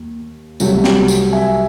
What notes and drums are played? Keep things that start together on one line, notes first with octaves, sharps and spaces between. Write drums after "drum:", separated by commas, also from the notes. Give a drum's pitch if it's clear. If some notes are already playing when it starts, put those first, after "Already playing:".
Already playing: D#2
C2 C3 F#3 A3, drum: tambourine
drum: snare
drum: tambourine
E5 G#5